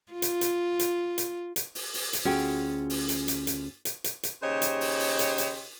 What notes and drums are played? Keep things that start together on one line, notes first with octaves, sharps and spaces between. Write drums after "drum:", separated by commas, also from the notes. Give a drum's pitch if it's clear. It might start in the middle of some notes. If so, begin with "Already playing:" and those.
F4
drum: hi-hat
drum: hi-hat
drum: hi-hat
drum: hi-hat
drum: hi-hat
drum: open hi-hat
drum: open hi-hat
drum: hi-hat
D2 C#4 F4 F#4 G#4 G5
drum: open hi-hat
drum: hi-hat
drum: hi-hat
drum: hi-hat
drum: hi-hat
drum: hi-hat
drum: hi-hat
D#2 C#3 G4 C5 C#5 D#5
drum: hi-hat
drum: open hi-hat
drum: open hi-hat
drum: hi-hat
drum: hi-hat